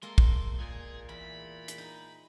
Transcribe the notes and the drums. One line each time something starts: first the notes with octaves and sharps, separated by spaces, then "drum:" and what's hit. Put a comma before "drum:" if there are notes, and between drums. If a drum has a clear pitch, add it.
G#3 A#3 A4 C6
drum: kick
A#2 G#4
E2 B5
drum: hi-hat
D#4